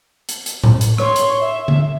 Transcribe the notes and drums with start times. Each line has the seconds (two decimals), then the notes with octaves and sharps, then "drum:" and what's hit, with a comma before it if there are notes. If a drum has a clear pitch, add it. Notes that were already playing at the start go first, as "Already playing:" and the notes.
0.29 drum: hi-hat
0.46 drum: hi-hat
0.64 drum: tom A2
0.81 drum: hi-hat
0.98 C#5 C6, drum: rim click
1.16 drum: hi-hat
1.42 E5
1.68 drum: tom D3